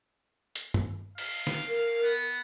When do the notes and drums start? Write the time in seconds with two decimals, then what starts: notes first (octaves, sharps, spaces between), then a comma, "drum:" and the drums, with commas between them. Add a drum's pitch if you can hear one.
0.55 drum: hi-hat
0.74 drum: tom
1.18 F5, drum: cymbal
1.47 drum: snare
1.68 A#4
2.03 B3